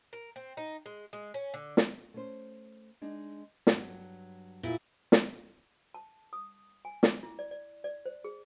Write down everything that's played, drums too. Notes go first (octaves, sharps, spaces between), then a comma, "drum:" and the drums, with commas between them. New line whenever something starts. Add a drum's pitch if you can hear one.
A#4
C4
D#4
G#3
G#3
C#4
D3
drum: snare
A3 C#4 C5
G#3 D4 D#4
G2 F#3, drum: snare
A#2 E4
drum: snare
A5
D#6
G#5
D6, drum: snare
E4
D5
D5
D5
C5
G#4